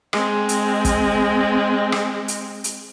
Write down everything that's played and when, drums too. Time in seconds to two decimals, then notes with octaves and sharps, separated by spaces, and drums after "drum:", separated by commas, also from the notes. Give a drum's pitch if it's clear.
0.13 G#3 C4, drum: rim click
0.49 drum: hi-hat
0.85 drum: kick G1, hi-hat
1.92 drum: rim click
2.28 drum: hi-hat
2.64 drum: hi-hat